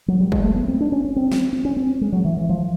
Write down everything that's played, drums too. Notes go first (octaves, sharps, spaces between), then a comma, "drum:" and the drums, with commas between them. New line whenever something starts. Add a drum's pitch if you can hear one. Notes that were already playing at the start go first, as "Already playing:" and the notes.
F#3
G3
G#3, drum: kick
A3
B3
C4
D4
C#4
C#4
C4
drum: snare
C4
C#4
C4
G#3
F#3
E3
E3
F3